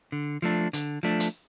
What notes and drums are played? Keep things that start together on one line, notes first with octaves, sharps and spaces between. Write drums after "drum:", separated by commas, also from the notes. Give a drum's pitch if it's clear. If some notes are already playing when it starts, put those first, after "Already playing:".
D3
F3 A3 D4
D3, drum: hi-hat
F3 A3 D4
drum: hi-hat